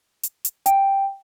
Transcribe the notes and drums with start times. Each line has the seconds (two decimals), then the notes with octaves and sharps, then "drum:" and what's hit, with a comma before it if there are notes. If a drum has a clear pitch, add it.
0.23 drum: hi-hat
0.45 drum: hi-hat
0.66 G5, drum: hi-hat